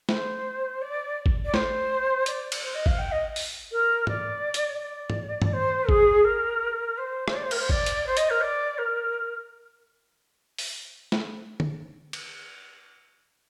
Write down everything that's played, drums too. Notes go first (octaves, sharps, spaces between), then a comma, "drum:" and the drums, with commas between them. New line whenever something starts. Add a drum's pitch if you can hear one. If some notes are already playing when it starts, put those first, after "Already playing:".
C5, drum: snare
D5
drum: kick G#1
D5
C5, drum: snare
D5, drum: hi-hat
drum: cymbal
C5
D#5
F5, drum: kick G#1
G5
D#5
drum: open hi-hat
A#4
D5, drum: tom
drum: hi-hat
D5
drum: tom
drum: tom G2
C5
G#4, drum: kick G#1
A#4
C5
C5, drum: rim click
D5
C5
A#4, drum: cymbal
C5
D5, drum: kick G#1
drum: hi-hat
C5
D#5, drum: hi-hat
A#4
D5
A#4
drum: open hi-hat
drum: snare
drum: tom D3
drum: cymbal